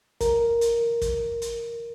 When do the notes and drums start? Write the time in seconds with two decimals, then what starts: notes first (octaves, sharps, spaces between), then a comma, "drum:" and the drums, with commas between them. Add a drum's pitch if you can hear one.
0.21 A#4, drum: kick, hi-hat
0.61 drum: hi-hat
1.02 drum: kick, hi-hat
1.42 drum: hi-hat